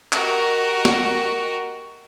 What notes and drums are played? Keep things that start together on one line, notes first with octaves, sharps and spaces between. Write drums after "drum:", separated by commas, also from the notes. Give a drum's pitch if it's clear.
F#4 G4 A#4 D#5, drum: clap
drum: snare